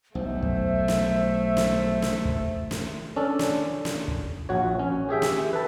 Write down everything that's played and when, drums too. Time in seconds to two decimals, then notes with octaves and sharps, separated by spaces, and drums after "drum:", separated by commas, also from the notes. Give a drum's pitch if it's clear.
0.15 B1 A3 C5 E5
0.42 drum: kick
0.88 drum: snare
1.57 drum: snare
2.02 drum: snare
2.25 drum: kick
2.71 drum: snare
3.16 C#4 D4 A4
3.39 drum: snare
3.85 drum: snare
4.08 drum: kick
4.49 A#1 F#4 C#5
4.79 C#4
5.09 G4 G#4 E5 G5
5.22 drum: snare
5.53 A4 B4